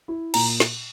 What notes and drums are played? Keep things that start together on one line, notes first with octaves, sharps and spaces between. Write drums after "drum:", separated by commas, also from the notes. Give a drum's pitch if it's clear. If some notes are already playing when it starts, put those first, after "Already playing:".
E4
A#2 A#5, drum: cymbal
drum: snare